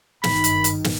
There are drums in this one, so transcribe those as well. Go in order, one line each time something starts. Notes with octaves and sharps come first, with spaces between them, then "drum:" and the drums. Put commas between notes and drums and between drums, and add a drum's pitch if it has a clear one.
G#1 G2 D#3 B5, drum: snare
drum: hi-hat
drum: hi-hat
drum: snare